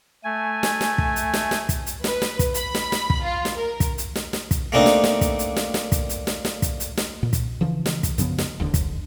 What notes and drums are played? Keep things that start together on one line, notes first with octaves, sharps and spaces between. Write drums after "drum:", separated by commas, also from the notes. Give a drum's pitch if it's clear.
A3 G#5
drum: snare
drum: snare
drum: kick
drum: hi-hat
drum: snare
drum: snare
drum: kick, hi-hat
drum: hi-hat
B4, drum: snare
drum: snare
drum: kick, hi-hat
B5, drum: hi-hat
drum: snare
drum: snare
drum: kick
F4
drum: snare
A#4
drum: kick, hi-hat
drum: hi-hat
drum: snare
drum: snare
drum: kick, hi-hat
A3 A#3 C4 D4 D#4
drum: snare
drum: snare
drum: kick, hi-hat
drum: hi-hat
drum: snare
drum: snare
drum: kick, hi-hat
drum: hi-hat
drum: snare
drum: snare
drum: kick, hi-hat
drum: hi-hat
drum: snare
A#2
drum: kick, hi-hat
C#3 E3 F3
drum: snare
drum: kick, hi-hat
F#2 C#3 F3 B3, drum: hi-hat
drum: snare
E1 D#2 D3
drum: kick, hi-hat